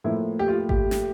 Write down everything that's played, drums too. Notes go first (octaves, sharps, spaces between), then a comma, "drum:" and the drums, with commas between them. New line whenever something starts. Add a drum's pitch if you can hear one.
A2 F3 A#3 E4
G4
F4
G4, drum: kick G#1
drum: snare